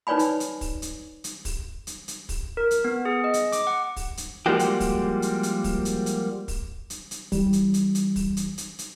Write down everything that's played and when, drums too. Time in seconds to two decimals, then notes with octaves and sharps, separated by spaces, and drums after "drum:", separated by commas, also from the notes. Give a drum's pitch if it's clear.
0.07 D#4 B4 C#5 D5 G#5 B5
0.19 drum: hi-hat
0.40 drum: hi-hat
0.61 drum: kick, open hi-hat
0.82 drum: hi-hat
1.24 drum: hi-hat
1.45 drum: kick, open hi-hat
1.87 drum: hi-hat
2.08 drum: hi-hat
2.29 drum: kick, open hi-hat
2.57 A#4
2.71 drum: hi-hat
2.84 B3
3.05 G#4
3.24 D#5
3.34 drum: hi-hat
3.52 D6, drum: hi-hat
3.67 F#5
3.96 drum: kick, open hi-hat
4.17 drum: hi-hat
4.46 F3 G3 G#3 A#3 F#4 G4
4.59 drum: hi-hat
4.80 drum: kick, open hi-hat
5.22 drum: hi-hat
5.43 drum: hi-hat
5.64 drum: kick, open hi-hat
5.85 drum: hi-hat
6.06 drum: hi-hat
6.48 drum: kick, open hi-hat
6.90 drum: hi-hat
7.11 drum: hi-hat
7.32 E3 G3, drum: kick, open hi-hat
7.53 drum: hi-hat
7.74 drum: hi-hat
7.95 drum: hi-hat
8.16 drum: kick, open hi-hat
8.37 drum: hi-hat
8.58 drum: hi-hat
8.79 drum: hi-hat